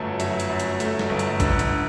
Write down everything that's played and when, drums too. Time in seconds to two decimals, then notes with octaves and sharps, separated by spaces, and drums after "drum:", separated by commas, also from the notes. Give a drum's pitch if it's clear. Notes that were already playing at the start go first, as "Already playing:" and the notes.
Already playing: G1 F#2 F#3 A3 A4
0.20 F#3 E5, drum: hi-hat
0.40 drum: hi-hat
0.49 F#2
0.60 drum: hi-hat
0.80 A3, drum: hi-hat
0.99 drum: snare
1.09 G1
1.19 drum: hi-hat
1.40 D3, drum: kick, hi-hat
1.59 drum: hi-hat